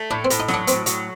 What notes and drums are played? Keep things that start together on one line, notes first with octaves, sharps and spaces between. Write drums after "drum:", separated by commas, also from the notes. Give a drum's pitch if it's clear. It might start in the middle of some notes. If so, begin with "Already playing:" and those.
Already playing: A3
A2 D4
C4
A2, drum: hi-hat
D#4
F#3, drum: snare
D4
A2 C4, drum: hi-hat
F#3, drum: hi-hat